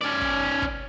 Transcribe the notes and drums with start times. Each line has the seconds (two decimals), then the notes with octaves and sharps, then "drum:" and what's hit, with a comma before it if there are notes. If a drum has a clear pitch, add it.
0.01 C#4 D5, drum: snare C#4
0.22 drum: kick
0.62 drum: kick